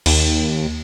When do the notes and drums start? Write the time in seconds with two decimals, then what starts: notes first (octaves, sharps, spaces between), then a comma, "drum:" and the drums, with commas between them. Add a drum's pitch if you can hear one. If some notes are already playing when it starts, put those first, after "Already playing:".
0.06 D#2, drum: cymbal